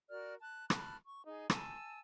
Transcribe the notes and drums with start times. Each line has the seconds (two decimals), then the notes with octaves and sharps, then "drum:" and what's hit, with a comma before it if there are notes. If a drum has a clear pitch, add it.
0.10 F#4 A#4 D5 F6
0.42 A5 F#6
0.70 A5 B5 F6 F#6, drum: rim click
1.03 C#6
1.25 D#4 G#4
1.50 G#5 A5 E6, drum: rim click